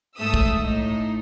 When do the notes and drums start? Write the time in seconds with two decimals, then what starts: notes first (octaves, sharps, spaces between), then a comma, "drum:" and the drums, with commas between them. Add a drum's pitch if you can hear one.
0.19 G#2 A3 A4 E5 D#6 E6
0.34 drum: kick
0.61 A2 D#4